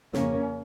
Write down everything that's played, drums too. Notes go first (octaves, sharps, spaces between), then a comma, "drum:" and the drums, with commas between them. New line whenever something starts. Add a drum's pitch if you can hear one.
F2 C#3 A#3 C#4, drum: snare